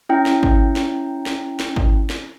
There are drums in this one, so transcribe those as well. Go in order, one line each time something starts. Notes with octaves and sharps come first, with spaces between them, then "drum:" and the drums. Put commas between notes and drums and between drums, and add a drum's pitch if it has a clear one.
C#4 E4 G5
drum: snare
drum: kick G#1
drum: snare
drum: snare
drum: snare
drum: kick G#1
drum: snare